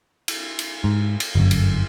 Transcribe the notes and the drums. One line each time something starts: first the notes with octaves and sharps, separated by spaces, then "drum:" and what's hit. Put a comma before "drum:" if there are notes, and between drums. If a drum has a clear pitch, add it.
drum: cymbal
drum: cymbal
G#2
drum: cymbal
G1 F#2
drum: cymbal